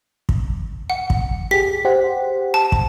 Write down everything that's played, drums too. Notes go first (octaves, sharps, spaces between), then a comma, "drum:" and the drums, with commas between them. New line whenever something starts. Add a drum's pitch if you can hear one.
drum: kick
F#5
drum: kick
G4 G#4 B6
G4 C5 F#5
A5
drum: kick